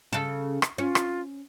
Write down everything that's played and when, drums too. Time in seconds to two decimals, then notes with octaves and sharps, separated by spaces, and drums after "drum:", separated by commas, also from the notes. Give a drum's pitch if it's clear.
0.13 C#3 A4
0.62 drum: rim click
0.78 C#4 F4
0.95 drum: rim click